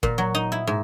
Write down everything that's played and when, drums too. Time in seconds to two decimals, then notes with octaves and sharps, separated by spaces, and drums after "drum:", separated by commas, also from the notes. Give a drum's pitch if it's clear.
0.03 A#2, drum: kick
0.18 F#3
0.35 D#4
0.52 E4
0.67 G#2